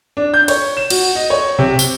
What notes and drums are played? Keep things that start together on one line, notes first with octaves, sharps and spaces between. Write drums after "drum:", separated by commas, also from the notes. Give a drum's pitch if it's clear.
D4
G6
C#5, drum: cymbal
E7
F#4, drum: cymbal
D#5
C#5
C3
G7, drum: tambourine